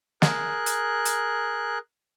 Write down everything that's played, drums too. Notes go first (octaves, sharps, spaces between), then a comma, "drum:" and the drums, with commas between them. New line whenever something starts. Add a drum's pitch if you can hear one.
G#4 A#4 F#6, drum: snare
drum: hi-hat
drum: hi-hat